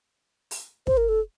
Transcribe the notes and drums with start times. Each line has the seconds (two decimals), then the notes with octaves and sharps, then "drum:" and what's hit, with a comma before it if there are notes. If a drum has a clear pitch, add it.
0.51 drum: open hi-hat
0.87 C5, drum: kick
0.97 A#4
1.09 A4